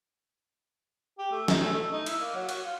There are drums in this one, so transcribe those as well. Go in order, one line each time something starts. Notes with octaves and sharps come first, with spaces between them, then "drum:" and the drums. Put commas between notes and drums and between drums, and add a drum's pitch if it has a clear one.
G4
A3
D#4, drum: snare
A3
A3
D#4
E4, drum: cymbal
A#3
F#3
F#4, drum: cymbal
F4